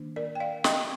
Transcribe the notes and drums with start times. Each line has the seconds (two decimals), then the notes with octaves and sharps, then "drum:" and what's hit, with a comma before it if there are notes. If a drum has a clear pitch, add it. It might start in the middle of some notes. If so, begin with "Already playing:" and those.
Already playing: D#3 A#3 D4
0.16 A#4 D5
0.35 G5
0.40 D5 F5
0.64 D#5 G5, drum: snare